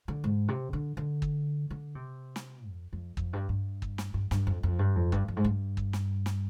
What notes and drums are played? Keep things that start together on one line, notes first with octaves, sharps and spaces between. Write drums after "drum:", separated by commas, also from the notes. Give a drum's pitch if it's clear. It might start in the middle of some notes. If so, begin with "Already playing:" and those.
D3
G#2
C3
D3
D3
drum: kick
D3
C3
drum: snare
F2
F2
F2, drum: kick
G2
G2
drum: kick
drum: snare
G2
G2, drum: snare
F2
F2
G2
F2
G2, drum: kick
F2
G#2
G2
drum: kick
drum: snare
drum: snare